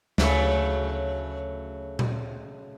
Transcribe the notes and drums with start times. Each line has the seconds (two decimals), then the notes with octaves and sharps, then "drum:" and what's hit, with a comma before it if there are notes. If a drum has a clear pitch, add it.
0.18 D2 C#3 F#3 A3, drum: snare
1.99 drum: tom A#2